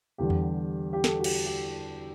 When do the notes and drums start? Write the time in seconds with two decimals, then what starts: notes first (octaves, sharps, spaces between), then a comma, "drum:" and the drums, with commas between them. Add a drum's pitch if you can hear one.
0.18 E2 D3 G3 G4
0.30 drum: tom E2
0.93 G4
1.04 A4, drum: snare
1.19 F#4
1.24 G4, drum: cymbal
1.46 G4